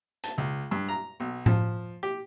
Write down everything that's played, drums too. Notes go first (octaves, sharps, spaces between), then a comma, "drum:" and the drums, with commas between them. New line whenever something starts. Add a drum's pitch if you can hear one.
A5, drum: hi-hat
C#2
G2
A#5
B1
F3, drum: tom A2
G4